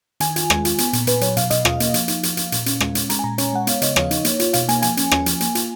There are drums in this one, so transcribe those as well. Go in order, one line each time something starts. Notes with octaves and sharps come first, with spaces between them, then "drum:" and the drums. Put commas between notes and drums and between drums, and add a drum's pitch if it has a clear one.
D#3 G#5, drum: hi-hat
F4, drum: hi-hat
G#3, drum: rim click
F4, drum: hi-hat
B3, drum: hi-hat
A#2, drum: hi-hat
A#2 B4, drum: hi-hat
F#3 C#5, drum: hi-hat
B2 F5, drum: hi-hat
B2 D#5, drum: hi-hat
F4 F5, drum: rim click
A#3, drum: hi-hat
F3, drum: hi-hat
D#4, drum: hi-hat
F3, drum: hi-hat
F3, drum: hi-hat
A#2, drum: hi-hat
C#4, drum: hi-hat
G#3, drum: rim click
C#4, drum: hi-hat
G#3 A#5, drum: hi-hat
G#5
A#2 A#5
C#4 C#5, drum: hi-hat
G#3 F#5
B3 F5, drum: hi-hat
C#3 D#5, drum: hi-hat
F3 C#5, drum: rim click
D#4, drum: hi-hat
A#3, drum: hi-hat
F4, drum: hi-hat
B2 F5, drum: hi-hat
A#3 G#5, drum: hi-hat
F3 G#5, drum: hi-hat
C#4, drum: hi-hat
C#4, drum: rim click
F3, drum: hi-hat
A#3, drum: hi-hat
F4, drum: hi-hat